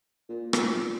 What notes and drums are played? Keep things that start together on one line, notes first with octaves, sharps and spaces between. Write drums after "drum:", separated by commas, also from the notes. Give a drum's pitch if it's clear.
A#2
A#2, drum: rim click